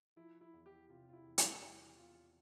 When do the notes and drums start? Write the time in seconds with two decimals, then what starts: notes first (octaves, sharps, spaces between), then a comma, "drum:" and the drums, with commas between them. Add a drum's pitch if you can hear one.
0.16 F3 E4
0.41 E4
0.53 E2
0.66 G4
0.90 C3 F4
1.09 F4
1.13 E4
1.25 E2
1.38 drum: hi-hat
1.61 E2 G4
1.98 E2 F4